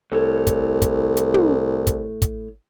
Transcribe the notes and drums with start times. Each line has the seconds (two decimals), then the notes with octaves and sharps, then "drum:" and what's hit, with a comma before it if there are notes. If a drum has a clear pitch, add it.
0.12 C2 A2 A4 C#5
0.47 drum: kick, hi-hat
0.82 drum: kick, hi-hat
1.17 drum: hi-hat
1.34 drum: tom
1.87 drum: kick, hi-hat
2.22 drum: kick, hi-hat